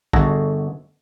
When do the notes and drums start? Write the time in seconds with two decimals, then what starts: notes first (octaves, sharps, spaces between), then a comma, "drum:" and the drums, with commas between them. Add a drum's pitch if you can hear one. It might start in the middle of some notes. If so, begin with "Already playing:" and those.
0.13 G1 D3 F#4 G#4 A4 A#5, drum: kick